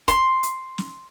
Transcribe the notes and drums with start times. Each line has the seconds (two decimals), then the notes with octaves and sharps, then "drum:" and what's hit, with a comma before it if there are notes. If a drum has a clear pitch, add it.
0.08 C6, drum: kick, hi-hat
0.43 drum: hi-hat
0.78 drum: snare